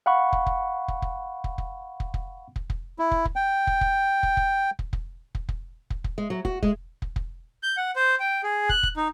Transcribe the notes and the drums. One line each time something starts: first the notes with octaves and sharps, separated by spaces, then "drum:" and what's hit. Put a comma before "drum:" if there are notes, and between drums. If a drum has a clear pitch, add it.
F5 F#5 B5 C#6
drum: kick
drum: kick
drum: kick
drum: kick
drum: kick
drum: kick
drum: kick
drum: kick
drum: kick
drum: kick
E4
drum: kick
drum: kick
G5
drum: kick
drum: kick
drum: kick
drum: kick
drum: kick
drum: kick
drum: kick
drum: kick
drum: kick
drum: kick
G#3
F#3
F#4, drum: kick
G#3, drum: kick
drum: kick
drum: kick
G6
F#5
C5
G5
G#4
F#6, drum: kick
drum: kick
D#4